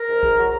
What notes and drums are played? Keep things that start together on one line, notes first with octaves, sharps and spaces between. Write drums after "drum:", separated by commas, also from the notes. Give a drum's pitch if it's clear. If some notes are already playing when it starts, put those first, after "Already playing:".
Already playing: A#4
G#2
G#2, drum: kick
F#3